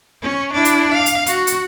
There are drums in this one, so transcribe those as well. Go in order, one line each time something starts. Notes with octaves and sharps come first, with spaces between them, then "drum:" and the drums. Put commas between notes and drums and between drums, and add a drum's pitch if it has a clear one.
C#4
D4 E4
drum: hi-hat
F5
drum: hi-hat
F#4, drum: hi-hat
drum: hi-hat